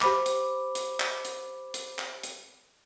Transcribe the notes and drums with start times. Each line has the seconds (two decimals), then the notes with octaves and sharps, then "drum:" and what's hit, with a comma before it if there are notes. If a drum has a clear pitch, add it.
0.01 G4 C5 B5 D6, drum: clap
0.26 drum: hi-hat
0.75 drum: hi-hat
1.00 drum: clap
1.25 drum: hi-hat
1.74 drum: hi-hat
1.99 drum: clap
2.23 drum: hi-hat